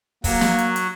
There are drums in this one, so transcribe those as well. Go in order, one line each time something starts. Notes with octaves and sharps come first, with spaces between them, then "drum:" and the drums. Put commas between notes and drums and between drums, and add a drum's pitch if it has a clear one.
F#3 A#3 F#4, drum: kick, open hi-hat
drum: snare
drum: hi-hat
drum: hi-hat